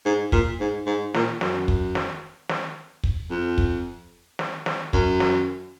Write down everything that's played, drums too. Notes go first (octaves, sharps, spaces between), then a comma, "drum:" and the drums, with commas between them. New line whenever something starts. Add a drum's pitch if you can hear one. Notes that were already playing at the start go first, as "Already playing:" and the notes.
G#2
A#2, drum: kick
G#2
G#2
A#2, drum: snare
F#2, drum: snare
drum: kick
drum: snare
drum: snare
drum: kick
F2
drum: kick
drum: snare
drum: snare
F#2, drum: kick
drum: snare